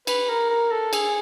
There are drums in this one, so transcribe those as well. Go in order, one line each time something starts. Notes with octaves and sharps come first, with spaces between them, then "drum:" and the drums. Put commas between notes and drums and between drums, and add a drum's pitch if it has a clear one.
B4, drum: cymbal
A#4
A#4
A4
G#4, drum: cymbal